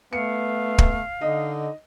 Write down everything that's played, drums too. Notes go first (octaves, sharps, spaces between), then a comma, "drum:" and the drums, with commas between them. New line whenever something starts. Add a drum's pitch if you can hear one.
A3 B3 F5 C#7
drum: kick
D3 D#4 D#5